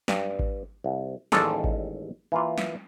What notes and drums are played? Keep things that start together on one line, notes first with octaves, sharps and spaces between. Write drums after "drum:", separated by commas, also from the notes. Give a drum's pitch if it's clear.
G2, drum: snare
drum: kick G#1
C2
A1 D#2 D#3 G#3 A4 D5, drum: snare
drum: kick G#1
E3 A#3 F4
drum: snare